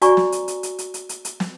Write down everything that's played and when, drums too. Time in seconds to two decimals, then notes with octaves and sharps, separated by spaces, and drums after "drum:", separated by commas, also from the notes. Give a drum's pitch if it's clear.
0.02 F#4 C5 D5 G#5 A#5 C#6, drum: hi-hat
0.17 drum: snare
0.32 drum: hi-hat
0.48 drum: hi-hat
0.63 drum: hi-hat
0.78 drum: hi-hat
0.94 drum: hi-hat
1.09 drum: hi-hat
1.25 drum: hi-hat
1.40 drum: snare